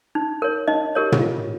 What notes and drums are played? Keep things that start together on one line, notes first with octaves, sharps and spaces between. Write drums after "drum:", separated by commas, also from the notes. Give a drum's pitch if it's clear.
D#4
A#4 C#5
D#4 D#5
G4 A#4 C#5
drum: tom
F4